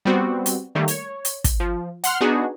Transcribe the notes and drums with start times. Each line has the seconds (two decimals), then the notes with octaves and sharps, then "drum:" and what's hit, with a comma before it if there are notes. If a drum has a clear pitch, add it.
0.05 G3 B3 C4 F#4
0.46 drum: hi-hat
0.75 D#3 G3 A3 A#3
0.88 C#5, drum: hi-hat
1.25 drum: hi-hat
1.44 drum: kick, hi-hat
1.60 F3
2.04 F#5 C6 F6, drum: hi-hat
2.21 B3 D4 D#4 F#4 G#4